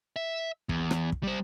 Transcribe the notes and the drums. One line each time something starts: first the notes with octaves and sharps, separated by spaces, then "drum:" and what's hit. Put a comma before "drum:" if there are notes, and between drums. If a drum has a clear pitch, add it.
E5
E2, drum: kick
drum: rim click
drum: kick
G3 C5